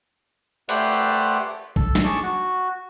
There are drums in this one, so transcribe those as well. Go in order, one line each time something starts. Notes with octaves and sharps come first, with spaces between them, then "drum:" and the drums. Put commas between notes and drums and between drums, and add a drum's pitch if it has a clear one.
A3 G4 B4 C5 D5 F#5, drum: cymbal
A4, drum: kick
drum: snare
G#4 A5 C#6 D6
F#4